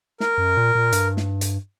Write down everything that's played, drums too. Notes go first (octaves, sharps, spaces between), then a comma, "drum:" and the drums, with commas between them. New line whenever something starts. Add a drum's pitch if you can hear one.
A#4, drum: snare
F#2
A#2
A#2
G2, drum: hi-hat
drum: snare
drum: hi-hat